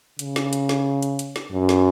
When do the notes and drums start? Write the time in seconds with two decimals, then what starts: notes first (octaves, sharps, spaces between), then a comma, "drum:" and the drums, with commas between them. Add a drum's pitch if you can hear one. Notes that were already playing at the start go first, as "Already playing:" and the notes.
0.19 C#3, drum: hi-hat
0.36 drum: snare
0.53 drum: hi-hat
0.69 drum: snare
1.03 drum: hi-hat
1.19 drum: hi-hat
1.36 drum: snare
1.52 F#2
1.69 drum: snare